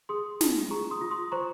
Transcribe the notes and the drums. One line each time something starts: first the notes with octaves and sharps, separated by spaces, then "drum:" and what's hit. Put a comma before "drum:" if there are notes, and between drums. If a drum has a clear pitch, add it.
G#4 C6 D#6
F4, drum: snare
G#4 A#5 C#6
C6 D#6
F4
C6 D#6
C5 A#5 C#6